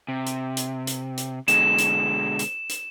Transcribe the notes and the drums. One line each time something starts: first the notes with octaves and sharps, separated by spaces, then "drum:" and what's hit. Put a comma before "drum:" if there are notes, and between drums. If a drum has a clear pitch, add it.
C3
drum: hi-hat
drum: hi-hat
drum: hi-hat
drum: hi-hat
B2 D3 G#3 E7, drum: hi-hat
drum: hi-hat
drum: hi-hat
drum: hi-hat